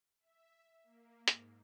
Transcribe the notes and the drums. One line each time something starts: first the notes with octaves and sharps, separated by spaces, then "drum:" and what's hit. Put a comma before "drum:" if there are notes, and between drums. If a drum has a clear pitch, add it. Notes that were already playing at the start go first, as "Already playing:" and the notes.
E5
A#3
G#2, drum: hi-hat